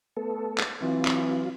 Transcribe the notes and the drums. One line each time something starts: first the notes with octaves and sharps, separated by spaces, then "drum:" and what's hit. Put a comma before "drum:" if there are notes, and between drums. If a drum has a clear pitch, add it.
A3 B3 A4
drum: clap
E3 F#3 C4 F4
drum: clap